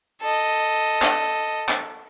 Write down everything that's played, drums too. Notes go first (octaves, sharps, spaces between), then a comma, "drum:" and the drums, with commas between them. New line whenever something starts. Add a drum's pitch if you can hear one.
A4 D#5
drum: clap
drum: clap